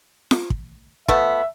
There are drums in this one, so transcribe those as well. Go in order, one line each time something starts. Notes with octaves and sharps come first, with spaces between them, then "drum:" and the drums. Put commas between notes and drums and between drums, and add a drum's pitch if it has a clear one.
drum: snare F4
drum: kick
F3 A3 B3 E5, drum: kick